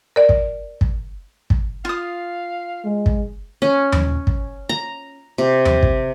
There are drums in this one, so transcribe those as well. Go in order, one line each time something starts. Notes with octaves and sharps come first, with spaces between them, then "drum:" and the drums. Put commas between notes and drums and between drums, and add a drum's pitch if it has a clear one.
A#4 D5
drum: kick
drum: kick
drum: kick
F4 F5 D#6
G#3
drum: kick
C#4
drum: tom D#2
drum: kick
A#5
C3
drum: tom D#2
drum: kick